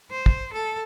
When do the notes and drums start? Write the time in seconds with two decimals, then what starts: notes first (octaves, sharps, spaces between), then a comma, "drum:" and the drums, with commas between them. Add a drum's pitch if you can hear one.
0.11 C5
0.26 drum: kick
0.53 A4